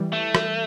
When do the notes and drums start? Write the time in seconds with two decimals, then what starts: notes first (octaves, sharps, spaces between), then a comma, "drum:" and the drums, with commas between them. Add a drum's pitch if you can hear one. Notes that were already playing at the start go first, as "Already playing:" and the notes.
Already playing: E3 G3
0.13 A3
0.35 drum: rim click